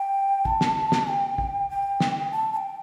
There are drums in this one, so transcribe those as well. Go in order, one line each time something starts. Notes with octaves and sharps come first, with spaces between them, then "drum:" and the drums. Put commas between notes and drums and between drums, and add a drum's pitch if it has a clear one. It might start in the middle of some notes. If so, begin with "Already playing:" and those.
Already playing: G5
A5, drum: kick
drum: snare
drum: snare
G5
drum: kick
G5
drum: snare
A5
A5
G5